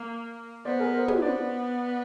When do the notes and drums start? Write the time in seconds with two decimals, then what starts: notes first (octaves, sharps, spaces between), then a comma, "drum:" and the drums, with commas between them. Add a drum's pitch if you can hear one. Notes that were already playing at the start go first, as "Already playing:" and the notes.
Already playing: A#3
0.65 B3 C5 D5
0.79 G#4 A#4
0.94 A#4 C5
1.08 B4 C#5, drum: tom
1.22 B3 C5 D5